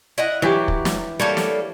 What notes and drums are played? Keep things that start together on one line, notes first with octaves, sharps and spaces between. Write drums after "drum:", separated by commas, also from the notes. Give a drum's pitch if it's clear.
E4 D#5 F#5
E3 F#3 G4
drum: kick
drum: snare
G3 A#3 A4 C#5
drum: snare